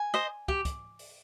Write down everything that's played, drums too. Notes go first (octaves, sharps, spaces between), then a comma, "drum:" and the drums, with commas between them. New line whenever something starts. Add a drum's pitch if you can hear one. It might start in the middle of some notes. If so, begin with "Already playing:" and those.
Already playing: G#5
C5 D#5
G4, drum: kick
drum: kick, hi-hat
drum: open hi-hat